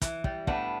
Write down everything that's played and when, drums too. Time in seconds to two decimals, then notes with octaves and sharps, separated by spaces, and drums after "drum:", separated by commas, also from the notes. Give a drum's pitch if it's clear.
0.02 E3, drum: kick, hi-hat
0.24 G3, drum: kick
0.47 A2 B3 D4, drum: kick